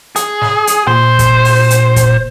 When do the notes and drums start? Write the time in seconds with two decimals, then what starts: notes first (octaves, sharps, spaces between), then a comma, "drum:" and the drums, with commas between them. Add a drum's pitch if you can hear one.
0.16 G#4, drum: hi-hat
0.42 drum: snare
0.67 drum: hi-hat
0.87 A#2 C5
1.19 drum: kick, hi-hat
1.45 drum: open hi-hat
1.70 drum: hi-hat
1.96 drum: kick, hi-hat